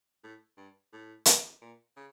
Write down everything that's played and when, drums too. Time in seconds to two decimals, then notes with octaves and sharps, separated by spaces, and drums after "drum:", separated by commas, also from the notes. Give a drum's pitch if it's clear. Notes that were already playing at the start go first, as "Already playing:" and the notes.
0.24 A2
0.57 G2
0.93 A2
1.25 drum: hi-hat
1.62 A#2
1.96 C#3